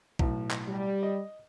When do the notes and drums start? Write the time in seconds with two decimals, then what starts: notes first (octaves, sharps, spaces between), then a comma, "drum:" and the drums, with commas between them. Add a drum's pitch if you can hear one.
0.19 B1 A2, drum: kick B1
0.51 drum: clap
0.69 G3
1.03 D#5